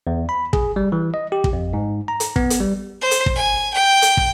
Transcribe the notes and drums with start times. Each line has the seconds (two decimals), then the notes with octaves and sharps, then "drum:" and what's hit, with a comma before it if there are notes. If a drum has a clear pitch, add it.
0.07 E2
0.29 B5
0.53 G#4, drum: kick
0.76 G3
0.92 E3
1.14 D#5
1.32 G4
1.44 drum: kick
1.53 F2
1.73 G#2
2.08 A#5
2.20 drum: hi-hat
2.36 B3, drum: kick
2.50 drum: hi-hat
2.60 G3
3.01 C5
3.11 drum: hi-hat
3.26 drum: kick
3.35 G#5
3.74 G5
4.02 drum: hi-hat
4.17 drum: kick